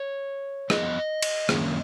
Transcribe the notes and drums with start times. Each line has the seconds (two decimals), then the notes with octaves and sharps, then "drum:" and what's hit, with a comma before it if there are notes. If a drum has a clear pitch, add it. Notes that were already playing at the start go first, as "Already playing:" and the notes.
Already playing: C#5
0.70 F2 F3 B3 D#5, drum: rim click
1.22 drum: cymbal
1.49 F#2 D#3 A#3 C#4, drum: rim click